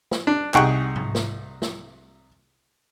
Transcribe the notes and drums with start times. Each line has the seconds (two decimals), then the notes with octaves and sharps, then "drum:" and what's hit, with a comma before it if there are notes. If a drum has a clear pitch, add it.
0.11 drum: snare
0.27 D4
0.54 C2 D#4 G#4 F#5 G5 C#6, drum: clap
0.96 drum: tom G#2
1.15 drum: snare
1.62 drum: snare